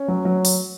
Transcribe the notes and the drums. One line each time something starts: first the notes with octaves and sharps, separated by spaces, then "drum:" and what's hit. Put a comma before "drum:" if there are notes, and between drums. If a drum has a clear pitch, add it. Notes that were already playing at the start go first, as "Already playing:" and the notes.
Already playing: C#4
F#3
F#3
drum: open hi-hat